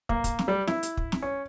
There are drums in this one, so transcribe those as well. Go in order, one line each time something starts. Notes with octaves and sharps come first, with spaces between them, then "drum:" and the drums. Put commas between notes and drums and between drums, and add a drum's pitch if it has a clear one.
A#3, drum: kick
drum: kick, hi-hat
drum: snare
G3
E4, drum: snare
drum: hi-hat
drum: kick
drum: snare
C#4